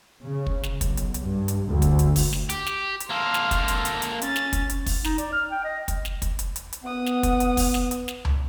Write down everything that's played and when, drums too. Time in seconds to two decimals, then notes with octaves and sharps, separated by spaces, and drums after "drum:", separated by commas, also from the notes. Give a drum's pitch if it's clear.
0.23 C#3
0.47 drum: kick
0.63 drum: snare
0.81 B1, drum: kick, hi-hat
0.97 drum: hi-hat
1.14 drum: hi-hat
1.26 G2
1.48 drum: hi-hat
1.68 D2
1.82 drum: kick, hi-hat
1.99 drum: hi-hat
2.16 drum: kick, open hi-hat
2.33 drum: snare
2.50 G4, drum: hi-hat
2.66 drum: snare
3.00 drum: hi-hat
3.10 A#3 A4 C6 F6
3.34 drum: snare
3.51 drum: kick, hi-hat
3.68 drum: hi-hat
3.85 drum: hi-hat
4.02 drum: hi-hat
4.22 C#4 A6, drum: hi-hat
4.36 drum: snare
4.53 drum: kick, hi-hat
4.70 drum: hi-hat
4.86 drum: kick, open hi-hat
5.04 D#4, drum: snare
5.18 D5, drum: hi-hat
5.32 F6
5.51 G5
5.64 D#5
5.88 drum: kick, hi-hat
6.05 drum: snare
6.22 drum: kick, hi-hat
6.39 drum: hi-hat
6.56 drum: hi-hat
6.73 drum: hi-hat
6.83 B3 F#5 D#6
7.06 drum: snare
7.23 drum: kick, hi-hat
7.40 drum: hi-hat
7.57 drum: kick, open hi-hat
7.74 drum: snare
7.91 drum: hi-hat
8.08 drum: snare
8.25 drum: tom C#2